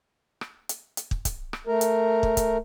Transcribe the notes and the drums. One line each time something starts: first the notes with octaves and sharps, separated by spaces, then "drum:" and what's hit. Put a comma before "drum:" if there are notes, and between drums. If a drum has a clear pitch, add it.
drum: rim click
drum: hi-hat
drum: hi-hat
drum: kick
drum: kick, hi-hat
drum: rim click
A3 A#4
drum: hi-hat
drum: kick
drum: kick, hi-hat